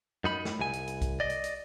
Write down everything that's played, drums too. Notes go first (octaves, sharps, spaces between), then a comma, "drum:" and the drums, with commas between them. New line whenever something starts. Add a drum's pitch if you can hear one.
F#2 D#4 B5
drum: snare
C2 G#5
drum: hi-hat
drum: hi-hat
drum: kick B1, hi-hat
D5 D#5
drum: hi-hat
drum: hi-hat